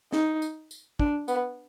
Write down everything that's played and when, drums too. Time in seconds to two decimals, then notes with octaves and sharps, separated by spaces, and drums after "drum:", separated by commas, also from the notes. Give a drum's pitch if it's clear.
0.12 D#4, drum: snare
0.42 drum: tambourine
0.71 drum: tambourine
1.00 D4, drum: kick
1.28 B3, drum: tambourine